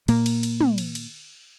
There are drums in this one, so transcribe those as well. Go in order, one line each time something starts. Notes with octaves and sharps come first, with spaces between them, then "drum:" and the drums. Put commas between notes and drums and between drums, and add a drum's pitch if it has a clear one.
A#2 A#3, drum: cymbal
drum: cymbal
drum: cymbal
drum: tom
drum: cymbal
drum: cymbal